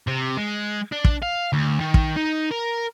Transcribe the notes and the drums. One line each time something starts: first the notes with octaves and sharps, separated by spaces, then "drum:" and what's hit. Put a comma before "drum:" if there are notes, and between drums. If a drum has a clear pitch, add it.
C3
G#3
D4
drum: kick
F5
D2
D#3
drum: kick
D#4
A#4